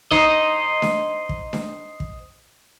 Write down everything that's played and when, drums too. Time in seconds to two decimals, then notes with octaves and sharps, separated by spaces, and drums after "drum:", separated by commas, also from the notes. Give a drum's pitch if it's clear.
0.11 D#4 C5 D#5, drum: kick
0.82 drum: snare D4
1.29 drum: kick
1.53 drum: snare D4
2.00 drum: kick